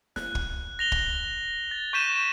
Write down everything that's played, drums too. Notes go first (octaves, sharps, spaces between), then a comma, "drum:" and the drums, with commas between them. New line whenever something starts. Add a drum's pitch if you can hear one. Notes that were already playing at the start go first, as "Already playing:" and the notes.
F#6, drum: snare
drum: kick
A#6 F7 G7
drum: kick
A6
C#6 G6 B6 D#7 E7